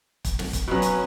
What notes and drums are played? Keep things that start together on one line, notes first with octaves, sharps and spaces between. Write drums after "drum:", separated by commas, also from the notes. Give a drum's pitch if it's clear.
drum: kick, hi-hat
drum: snare
drum: kick, hi-hat
B2 F#3 C#4 B4
drum: hi-hat